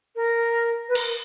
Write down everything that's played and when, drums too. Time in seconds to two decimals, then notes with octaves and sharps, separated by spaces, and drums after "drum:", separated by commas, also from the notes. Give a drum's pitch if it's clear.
0.16 A#4
0.88 B4
0.95 A#4, drum: cymbal